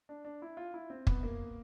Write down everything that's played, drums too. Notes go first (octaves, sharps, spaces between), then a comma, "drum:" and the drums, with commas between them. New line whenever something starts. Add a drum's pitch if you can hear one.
D4
D4
E4
F4
E4
C4
B3, drum: kick
A#3